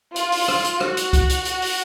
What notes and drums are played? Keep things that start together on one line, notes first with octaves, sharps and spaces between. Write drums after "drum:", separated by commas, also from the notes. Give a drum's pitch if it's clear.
F4, drum: hi-hat
drum: open hi-hat
drum: rim click
drum: hi-hat
F#4, drum: rim click
drum: hi-hat
drum: kick C2, hi-hat
drum: hi-hat
F#4, drum: hi-hat
drum: open hi-hat